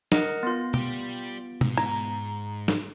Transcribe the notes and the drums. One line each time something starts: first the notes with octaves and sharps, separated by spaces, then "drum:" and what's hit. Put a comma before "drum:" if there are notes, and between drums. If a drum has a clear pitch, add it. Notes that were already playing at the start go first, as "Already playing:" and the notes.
A#4 D#5 F#5, drum: snare
B3 F4 C6
G3 G4, drum: tom B2
G#2, drum: tom B2
A#5, drum: rim click
drum: snare